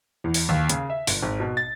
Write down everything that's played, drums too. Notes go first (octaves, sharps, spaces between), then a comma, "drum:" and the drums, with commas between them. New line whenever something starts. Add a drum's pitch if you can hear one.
E2
drum: open hi-hat
D#2
C#3, drum: hi-hat
E5
G1, drum: open hi-hat
G#1
B2
A6